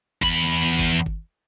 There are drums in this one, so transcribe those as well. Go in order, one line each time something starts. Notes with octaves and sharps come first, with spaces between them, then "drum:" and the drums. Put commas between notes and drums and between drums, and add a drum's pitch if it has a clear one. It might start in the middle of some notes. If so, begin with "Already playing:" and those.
E2 B5, drum: kick G1
drum: kick G1
drum: kick G1